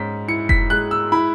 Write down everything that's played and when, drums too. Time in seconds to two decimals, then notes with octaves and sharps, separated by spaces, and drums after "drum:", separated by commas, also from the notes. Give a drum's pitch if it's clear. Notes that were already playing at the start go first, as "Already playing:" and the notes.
Already playing: G#2 C#4 B6
0.28 E4 C#7
0.49 B6, drum: kick F1
0.70 G#3 F#6
0.91 E6
1.12 E4 B5